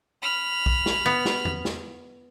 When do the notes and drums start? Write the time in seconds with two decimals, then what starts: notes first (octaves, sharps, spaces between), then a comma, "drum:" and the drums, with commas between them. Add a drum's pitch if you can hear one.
0.22 B5 F6
0.66 drum: kick
0.86 drum: snare
1.06 B3
1.25 drum: snare
1.45 drum: tom E2
1.65 drum: snare